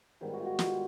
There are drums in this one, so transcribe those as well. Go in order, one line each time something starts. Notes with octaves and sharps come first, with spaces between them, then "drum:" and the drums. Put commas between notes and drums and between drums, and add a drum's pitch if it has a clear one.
G#2 D#3 G3 B3 G#4
F#4
F4
F#4
F4, drum: snare